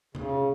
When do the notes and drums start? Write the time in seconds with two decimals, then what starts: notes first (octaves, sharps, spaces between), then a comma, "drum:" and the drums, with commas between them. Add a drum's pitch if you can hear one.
0.15 C#3, drum: tom C3